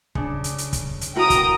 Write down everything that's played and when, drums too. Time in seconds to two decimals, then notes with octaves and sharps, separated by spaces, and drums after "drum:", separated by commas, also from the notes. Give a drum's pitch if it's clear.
0.15 C#3 D4, drum: kick
0.44 drum: hi-hat
0.58 drum: hi-hat
0.73 drum: kick, hi-hat
1.01 drum: hi-hat
1.16 E4 F#4 A#4 G5 A#5 D#6
1.30 drum: kick, hi-hat